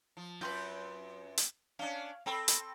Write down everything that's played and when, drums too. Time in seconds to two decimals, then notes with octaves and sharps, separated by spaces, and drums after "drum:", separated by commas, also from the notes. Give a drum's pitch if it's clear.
0.17 F3
0.41 F#2 C4 F4 B4 C6 G6
1.38 drum: hi-hat
1.79 C#4 D4 F5
2.26 C4 A4 G5 B5 E6
2.48 drum: hi-hat